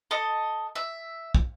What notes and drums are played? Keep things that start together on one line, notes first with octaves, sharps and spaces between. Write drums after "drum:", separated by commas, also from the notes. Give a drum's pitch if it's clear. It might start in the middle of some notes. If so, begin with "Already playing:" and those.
A4 D#5
E5
drum: kick